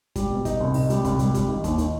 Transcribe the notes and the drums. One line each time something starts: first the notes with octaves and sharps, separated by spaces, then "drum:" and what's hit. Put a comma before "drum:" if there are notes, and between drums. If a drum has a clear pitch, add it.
G3, drum: kick, hi-hat
B2
D#4, drum: kick, hi-hat
C2
D#4, drum: open hi-hat
G3, drum: hi-hat
C2, drum: kick, hi-hat
G3, drum: hi-hat
G3, drum: kick, hi-hat
D#3
D#2, drum: kick, hi-hat
D#3, drum: hi-hat